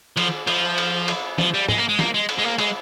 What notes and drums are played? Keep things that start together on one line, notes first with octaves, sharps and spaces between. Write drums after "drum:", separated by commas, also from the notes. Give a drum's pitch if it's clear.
F3, drum: cymbal
F3, drum: cymbal
drum: cymbal
drum: cymbal
F3, drum: snare
G3
G#3, drum: tom
A#3
G#3
A#3, drum: snare
G#3
drum: cymbal
G#3
A#3
G#3, drum: cymbal